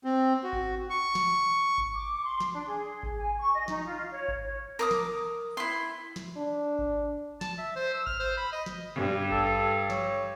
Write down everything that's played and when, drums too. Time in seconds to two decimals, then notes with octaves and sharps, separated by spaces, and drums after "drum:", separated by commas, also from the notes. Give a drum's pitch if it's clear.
0.04 C4
0.44 F#4
0.53 drum: kick G#1
0.90 C#6
1.15 drum: snare
1.78 drum: kick G#1
1.93 D6
2.24 C6
2.40 drum: snare
2.53 D4
2.67 G#4
3.03 drum: kick G#1
3.17 G#5
3.39 C#6
3.54 D#5
3.68 D#4, drum: snare
3.86 F4
4.11 C#5
4.28 drum: kick G#1
4.45 C#5
4.79 A#4 D6 D#6
4.91 drum: snare
5.57 E4 C6
6.16 drum: snare
6.37 D4
6.79 drum: kick G#1
7.41 A5, drum: snare
7.58 E5
7.76 C5
7.94 E6
8.07 F6, drum: kick G#1
8.20 C5
8.37 B5
8.53 D#5
8.66 drum: snare
8.95 G2
9.31 A4, drum: kick G#1
9.90 C#5, drum: snare